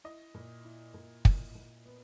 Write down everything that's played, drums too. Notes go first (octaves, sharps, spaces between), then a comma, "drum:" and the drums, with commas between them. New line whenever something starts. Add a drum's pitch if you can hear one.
E4 D#5
A#2
E4
A#2
A#2, drum: kick
A#2
B3